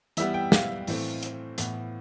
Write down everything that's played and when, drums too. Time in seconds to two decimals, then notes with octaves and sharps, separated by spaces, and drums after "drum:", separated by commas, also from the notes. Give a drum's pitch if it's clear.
0.17 E3 G3 B3 E5, drum: hi-hat
0.34 G5
0.52 F5, drum: snare
0.87 A2 E3 A3 C4, drum: open hi-hat
1.23 drum: hi-hat
1.58 A2 E3 B3, drum: hi-hat